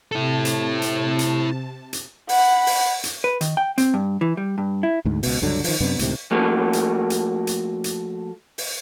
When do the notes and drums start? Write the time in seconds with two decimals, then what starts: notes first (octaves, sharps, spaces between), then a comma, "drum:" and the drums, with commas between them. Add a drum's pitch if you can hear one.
0.12 C3 E4 A4 A5
0.45 drum: hi-hat
0.82 drum: hi-hat
1.19 drum: hi-hat
1.93 drum: hi-hat
2.29 F#5 B5, drum: open hi-hat
2.67 drum: open hi-hat
3.04 drum: hi-hat
3.24 B4
3.41 D#3, drum: hi-hat
3.57 G5
3.78 C4, drum: hi-hat
3.94 G2
4.21 E3
4.37 G3
4.58 G2
4.83 E4
5.05 D2 G#2
5.23 C#2 B2, drum: open hi-hat
5.42 C#2 G2 D3 F#3
5.64 D#3 F3, drum: open hi-hat
5.80 F#2 C3 B3 D4
5.99 C#2 A2 C3 D#3, drum: hi-hat
6.31 F3 A3 A#3 F#4
6.73 drum: hi-hat
7.10 drum: hi-hat
7.47 drum: hi-hat
7.84 drum: hi-hat
8.58 drum: open hi-hat